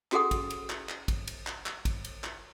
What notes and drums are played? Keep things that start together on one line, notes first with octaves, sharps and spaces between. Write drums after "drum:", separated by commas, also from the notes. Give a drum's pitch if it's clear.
C#4 F#4 G#4 A4 F#5 D#6, drum: clap
drum: kick, cymbal
drum: cymbal
drum: clap
drum: clap
drum: kick, cymbal
drum: cymbal
drum: clap
drum: clap
drum: kick, cymbal
drum: cymbal
drum: clap